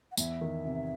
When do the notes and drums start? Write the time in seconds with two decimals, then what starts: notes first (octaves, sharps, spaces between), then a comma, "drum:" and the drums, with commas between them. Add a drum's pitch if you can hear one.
0.11 F#5
0.17 E2 E5, drum: tambourine
0.41 D#3
0.65 C3